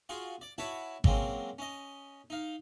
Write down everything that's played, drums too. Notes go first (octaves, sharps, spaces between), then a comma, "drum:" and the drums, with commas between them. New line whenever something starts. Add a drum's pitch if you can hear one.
F4 F#4 G#4 F#5
D5
E4 F#4 B4 C#5 A5
F#3 G#3 A#3 C4 C#4, drum: kick G#1
C#4 D#5
D#4 F5